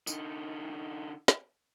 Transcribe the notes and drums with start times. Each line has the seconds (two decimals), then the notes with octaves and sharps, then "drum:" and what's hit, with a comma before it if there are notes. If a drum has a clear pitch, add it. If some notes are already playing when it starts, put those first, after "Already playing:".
0.07 D3 D#4, drum: tambourine
1.28 drum: snare